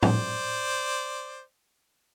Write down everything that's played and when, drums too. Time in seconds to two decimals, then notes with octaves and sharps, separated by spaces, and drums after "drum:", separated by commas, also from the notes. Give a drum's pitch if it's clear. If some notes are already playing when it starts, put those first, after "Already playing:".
0.03 C5 D5, drum: tom